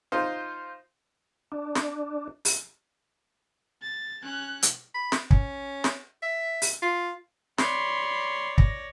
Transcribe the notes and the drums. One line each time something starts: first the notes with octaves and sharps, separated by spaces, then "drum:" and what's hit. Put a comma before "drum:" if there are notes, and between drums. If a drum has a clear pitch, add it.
D#4 F4 C5
D4
drum: snare
drum: open hi-hat
A6
C#4 F#6
drum: hi-hat
B5
drum: snare
C#4, drum: kick
drum: snare
E5
drum: open hi-hat
F4
C#5 D5 B5 C6, drum: snare
A#6, drum: kick